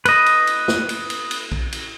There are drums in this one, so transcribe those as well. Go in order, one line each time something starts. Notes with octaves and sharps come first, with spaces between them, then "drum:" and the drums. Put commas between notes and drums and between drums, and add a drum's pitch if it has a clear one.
B4 D#5, drum: cymbal
drum: cymbal
drum: cymbal
drum: snare
drum: cymbal
drum: cymbal
drum: cymbal
drum: kick A#1
drum: cymbal